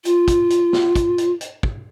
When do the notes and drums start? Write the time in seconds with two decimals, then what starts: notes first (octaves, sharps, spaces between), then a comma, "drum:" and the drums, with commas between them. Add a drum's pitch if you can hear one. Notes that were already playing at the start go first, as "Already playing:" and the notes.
0.05 F4, drum: hi-hat
0.28 drum: kick, hi-hat
0.50 drum: hi-hat
0.73 drum: snare
0.95 drum: kick, hi-hat
1.18 drum: hi-hat
1.41 drum: hi-hat
1.63 drum: kick